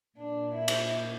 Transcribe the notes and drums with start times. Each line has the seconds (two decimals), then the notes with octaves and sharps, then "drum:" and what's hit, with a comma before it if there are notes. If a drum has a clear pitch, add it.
0.17 A#2 D4
0.54 E4
0.68 drum: cymbal